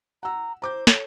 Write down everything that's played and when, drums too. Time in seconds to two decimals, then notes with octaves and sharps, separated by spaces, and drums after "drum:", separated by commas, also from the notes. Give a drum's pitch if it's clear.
0.23 F#5 A#5 E6
0.62 C5 A#5 D6 G6
0.87 A4 C#5, drum: snare